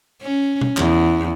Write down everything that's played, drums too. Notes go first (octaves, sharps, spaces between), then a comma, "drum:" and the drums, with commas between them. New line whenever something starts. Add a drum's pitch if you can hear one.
C#4
drum: tom B2
E2, drum: clap